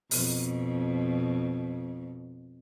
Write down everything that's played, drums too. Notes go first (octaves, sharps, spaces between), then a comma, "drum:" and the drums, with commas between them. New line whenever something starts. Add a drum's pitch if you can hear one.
F2 B2, drum: open hi-hat